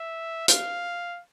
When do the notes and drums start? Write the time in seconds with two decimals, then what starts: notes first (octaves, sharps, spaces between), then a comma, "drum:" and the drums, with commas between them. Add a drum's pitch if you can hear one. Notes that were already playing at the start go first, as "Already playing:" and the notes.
Already playing: E5
0.48 F5, drum: hi-hat